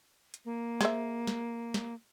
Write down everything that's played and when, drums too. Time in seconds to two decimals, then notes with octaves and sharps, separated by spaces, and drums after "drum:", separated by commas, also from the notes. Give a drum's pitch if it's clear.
0.34 drum: hi-hat
0.45 A#3
0.81 G#4 C5 E5, drum: snare
1.27 drum: snare
1.74 drum: snare